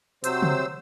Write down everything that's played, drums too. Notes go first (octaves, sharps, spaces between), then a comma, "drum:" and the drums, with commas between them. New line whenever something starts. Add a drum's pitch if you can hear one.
C3 F#3 C5 E6, drum: hi-hat
drum: tom C#3